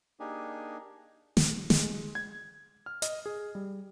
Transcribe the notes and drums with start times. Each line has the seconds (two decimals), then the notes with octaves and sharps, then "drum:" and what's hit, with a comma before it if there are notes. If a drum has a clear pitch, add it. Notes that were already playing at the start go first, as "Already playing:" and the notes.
0.20 A#3 D4 D#4 G4 G#4
1.37 drum: snare
1.70 G#3, drum: snare
2.15 G#6
2.86 F6
3.02 D#5, drum: hi-hat
3.26 G#4
3.55 G3